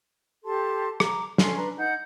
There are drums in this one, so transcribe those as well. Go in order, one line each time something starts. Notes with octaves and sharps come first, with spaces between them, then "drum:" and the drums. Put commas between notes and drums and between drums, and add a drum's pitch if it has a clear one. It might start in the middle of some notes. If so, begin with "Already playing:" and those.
G4 A4 A5 C6
A#5 D6, drum: rim click
C#4 D4 A4 C6, drum: snare
D4 B4 A#5
D#4 F#5 G6